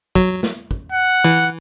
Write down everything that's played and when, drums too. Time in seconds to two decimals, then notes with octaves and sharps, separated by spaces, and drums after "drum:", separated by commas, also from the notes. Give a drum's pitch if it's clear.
0.15 F#3, drum: kick
0.43 drum: snare
0.71 drum: kick
0.92 F#5
1.25 E3